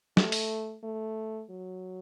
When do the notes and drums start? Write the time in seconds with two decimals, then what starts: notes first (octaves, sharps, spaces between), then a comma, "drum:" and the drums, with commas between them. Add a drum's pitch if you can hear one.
0.17 A3, drum: snare
0.32 drum: open hi-hat
0.83 A3
1.50 F#3